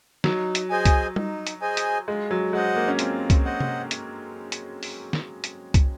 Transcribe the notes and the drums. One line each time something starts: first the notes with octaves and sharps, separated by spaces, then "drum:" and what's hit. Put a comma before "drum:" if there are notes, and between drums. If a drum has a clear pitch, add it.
F#3 D#4, drum: snare
drum: hi-hat
G#4 C5 D#5 G#5
drum: kick C2, hi-hat
D#4, drum: tom G3
drum: hi-hat
G#4 C5 D#5 G#5
drum: hi-hat
G#3 F4
F#3
G#3 C5 D#5 F#5
A#3
C#4
C4 F4, drum: hi-hat
drum: kick C2, hi-hat
C5 D#5 F#5
drum: tom C3
drum: hi-hat
drum: hi-hat
drum: open hi-hat
drum: snare
drum: hi-hat
drum: kick C2, hi-hat